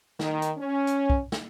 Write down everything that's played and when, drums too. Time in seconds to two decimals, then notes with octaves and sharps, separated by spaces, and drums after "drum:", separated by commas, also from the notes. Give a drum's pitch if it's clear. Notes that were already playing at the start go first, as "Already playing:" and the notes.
0.19 D#3, drum: snare
0.42 drum: hi-hat
0.58 C#4
0.87 drum: hi-hat
1.10 drum: kick B1
1.32 drum: snare